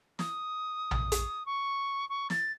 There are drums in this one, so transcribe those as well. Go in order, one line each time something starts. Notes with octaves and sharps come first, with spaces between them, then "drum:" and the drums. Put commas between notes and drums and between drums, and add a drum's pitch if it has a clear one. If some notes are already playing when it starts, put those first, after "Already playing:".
D#6, drum: snare
drum: tom A#1
drum: hi-hat
C#6
C#6
A6, drum: snare